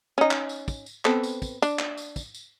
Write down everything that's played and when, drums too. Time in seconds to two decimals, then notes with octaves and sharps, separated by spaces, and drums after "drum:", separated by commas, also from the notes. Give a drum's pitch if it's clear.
0.18 C#4 D#4
0.31 drum: clap
0.49 drum: tambourine
0.68 drum: kick, tambourine
0.86 drum: tambourine
1.05 B3 C4 A4, drum: clap
1.23 drum: tambourine
1.42 drum: kick, tambourine
1.62 D4, drum: tambourine
1.79 drum: clap
1.97 drum: tambourine
2.16 drum: kick, tambourine
2.35 drum: tambourine